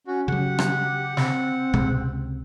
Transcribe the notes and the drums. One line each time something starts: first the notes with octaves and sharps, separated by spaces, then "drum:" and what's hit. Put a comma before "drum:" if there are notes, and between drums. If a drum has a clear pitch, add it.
C#4 F#4
C#3 F#3 G4 F#5
drum: rim click
C4, drum: snare
C#2 C3 G#3, drum: tom B2